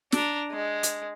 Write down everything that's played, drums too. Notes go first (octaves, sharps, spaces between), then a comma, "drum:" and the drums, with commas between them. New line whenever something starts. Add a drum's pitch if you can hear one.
D4 A#5, drum: snare
G#3
drum: hi-hat